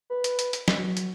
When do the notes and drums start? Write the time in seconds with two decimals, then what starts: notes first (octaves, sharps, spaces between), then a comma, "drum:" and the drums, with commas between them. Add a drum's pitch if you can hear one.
0.10 B4
0.24 drum: hi-hat
0.39 drum: hi-hat
0.53 drum: hi-hat
0.68 drum: snare
0.78 F#3
0.97 drum: hi-hat